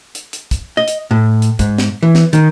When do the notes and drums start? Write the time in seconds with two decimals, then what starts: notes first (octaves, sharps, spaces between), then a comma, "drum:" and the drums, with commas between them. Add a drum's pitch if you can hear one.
0.15 drum: hi-hat
0.33 drum: hi-hat
0.51 drum: kick, hi-hat
0.77 D#5
0.88 drum: hi-hat
1.11 A2
1.42 drum: hi-hat
1.59 G#2, drum: kick, hi-hat
1.78 drum: snare
2.02 E3
2.15 drum: snare
2.33 D#3, drum: hi-hat